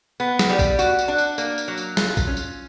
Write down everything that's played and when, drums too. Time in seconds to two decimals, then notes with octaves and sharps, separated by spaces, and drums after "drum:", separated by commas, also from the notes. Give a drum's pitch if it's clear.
0.20 B3
0.39 drum: snare
0.49 G3
0.59 drum: kick, tambourine
0.79 F#4, drum: tambourine
0.99 drum: tambourine
1.08 D4
1.18 drum: tambourine
1.38 A#3, drum: tambourine
1.58 drum: tambourine
1.68 F#3
1.78 drum: tambourine
1.97 F4, drum: snare
2.17 drum: kick, tambourine
2.27 C#4
2.37 drum: tambourine